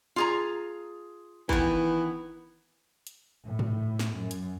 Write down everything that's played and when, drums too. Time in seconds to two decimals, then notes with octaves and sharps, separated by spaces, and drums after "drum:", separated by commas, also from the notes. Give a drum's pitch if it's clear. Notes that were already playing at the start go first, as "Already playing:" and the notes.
0.16 F4 G#4 A#5
1.49 D#3 E3 B3, drum: kick
3.07 drum: hi-hat
3.45 A2
3.59 drum: tom
3.99 drum: snare
4.17 F#2
4.31 drum: hi-hat